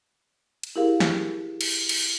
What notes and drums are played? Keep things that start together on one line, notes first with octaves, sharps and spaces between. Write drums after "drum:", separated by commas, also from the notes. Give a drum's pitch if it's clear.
drum: cymbal
E4 G4 G#4 A#4 F5
drum: snare
drum: cymbal
drum: cymbal